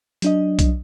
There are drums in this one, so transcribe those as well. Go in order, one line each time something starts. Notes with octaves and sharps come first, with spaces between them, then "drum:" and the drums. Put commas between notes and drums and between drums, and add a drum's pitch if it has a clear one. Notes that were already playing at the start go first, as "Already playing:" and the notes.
F#3 D4 D#5, drum: hi-hat
drum: kick B1, hi-hat